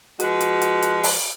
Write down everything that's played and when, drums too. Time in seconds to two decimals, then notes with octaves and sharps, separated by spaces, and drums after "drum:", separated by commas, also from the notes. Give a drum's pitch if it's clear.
0.20 F3 G#3 F#4 B4, drum: hi-hat
0.41 drum: hi-hat
0.62 drum: hi-hat
0.82 drum: hi-hat
1.03 drum: open hi-hat